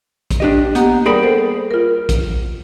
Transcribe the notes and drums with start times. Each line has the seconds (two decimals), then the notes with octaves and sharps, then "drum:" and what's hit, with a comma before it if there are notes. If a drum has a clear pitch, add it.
0.31 drum: kick A#1, hi-hat
0.40 D4 G4 D#5
0.75 A#3 B3 G4, drum: hi-hat
1.06 G3 G#4 A#4 D5 G5 B5
1.23 A4 C5
1.71 F4 A#4
2.09 drum: kick A#1, hi-hat